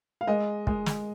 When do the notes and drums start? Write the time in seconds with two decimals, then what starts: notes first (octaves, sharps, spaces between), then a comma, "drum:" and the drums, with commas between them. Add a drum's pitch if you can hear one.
0.21 F5
0.27 G#3 D#5
0.67 G#3, drum: kick
0.86 drum: snare